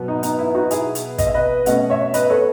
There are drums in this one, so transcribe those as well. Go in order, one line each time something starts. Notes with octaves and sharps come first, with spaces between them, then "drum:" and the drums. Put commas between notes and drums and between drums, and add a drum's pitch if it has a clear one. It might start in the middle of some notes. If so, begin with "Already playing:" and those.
Already playing: B2 F#3 B3
D#4
D#4, drum: hi-hat
E4
D#4 F#4
E4 G#4, drum: hi-hat
drum: hi-hat
D#5, drum: kick, hi-hat
E5
B4 D#5
B2 A3 C#4 D#5 F#5, drum: hi-hat
C#5 E5
B4 D#5, drum: hi-hat
A4 C#5